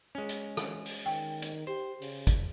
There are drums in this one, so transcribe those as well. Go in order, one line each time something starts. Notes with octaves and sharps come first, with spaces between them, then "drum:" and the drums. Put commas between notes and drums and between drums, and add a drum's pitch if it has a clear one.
G#3 C#4
drum: hi-hat
drum: rim click
drum: open hi-hat
D#3 G5
drum: hi-hat
G4 C5
C#3, drum: open hi-hat
drum: kick G#1, hi-hat